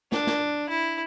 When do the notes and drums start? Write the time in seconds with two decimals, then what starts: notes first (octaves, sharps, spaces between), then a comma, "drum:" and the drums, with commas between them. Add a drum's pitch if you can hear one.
0.12 D4, drum: snare
0.27 drum: snare
0.69 E4